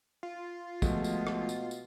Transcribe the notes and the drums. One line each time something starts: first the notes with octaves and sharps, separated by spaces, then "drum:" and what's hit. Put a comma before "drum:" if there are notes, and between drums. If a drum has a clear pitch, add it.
F4
B2 F3 G#3 A3, drum: kick, tambourine
drum: tambourine
drum: rim click
drum: tambourine
drum: tambourine